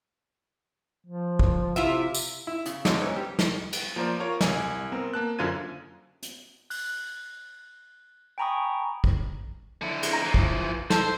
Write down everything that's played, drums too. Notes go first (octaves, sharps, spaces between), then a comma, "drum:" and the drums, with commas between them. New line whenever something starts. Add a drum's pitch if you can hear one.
F3
drum: kick
C3 E4 F4 E5
drum: tambourine
E4
C#3, drum: hi-hat
B2 D3 G#3 C#4 D#4 A4, drum: snare
G#2 E3
G3 G4
drum: snare
drum: cymbal
F3 A#3 A#4 C5 D5
F4 A#4 C#5 A#5
C2 G#5, drum: snare
B3 C4 A#4
A#3 A5 F#6
F#2 D3 F4 C5 G#6 D#7
drum: hi-hat
F#6, drum: open hi-hat
G5 G#5 A#5 B5 C#6 D#6
drum: kick
D3 E4
drum: cymbal
A#5
E3 F3
drum: kick
A4 C5, drum: snare